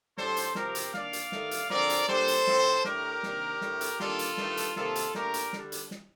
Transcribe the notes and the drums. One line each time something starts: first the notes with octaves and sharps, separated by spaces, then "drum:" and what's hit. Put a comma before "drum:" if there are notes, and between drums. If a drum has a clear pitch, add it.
A2 G3 D4 A4 C5, drum: snare
drum: hi-hat
C3 F3 C4 G4 A#4, drum: snare
drum: hi-hat
D#3 A#3 D4 D5 F5, drum: snare
drum: hi-hat
G2 D#3 A3, drum: snare
drum: hi-hat
D3 F3 C4 A#4 D5, drum: snare
drum: hi-hat
A#2 G3 D4 A4 C5, drum: snare
drum: hi-hat
A2 F3 C4, drum: snare
A2 A3 D4 G4 A#4, drum: snare
C3 D#3 A#3 D4, drum: snare
A2 A3 D4, drum: snare
drum: hi-hat
D#3 G3 A#3 D4 F4 A4, drum: snare
drum: hi-hat
G2 D#3 A3, drum: snare
drum: hi-hat
C3 D#3 A#3 F4 A4, drum: snare
drum: hi-hat
A#2 A3 D4 G4 A#4, drum: snare
drum: hi-hat
D3 G3 D4, drum: snare
drum: hi-hat
drum: snare